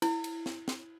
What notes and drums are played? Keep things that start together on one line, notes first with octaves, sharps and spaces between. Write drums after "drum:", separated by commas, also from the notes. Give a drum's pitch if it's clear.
E4, drum: cymbal
drum: cymbal
drum: snare
drum: snare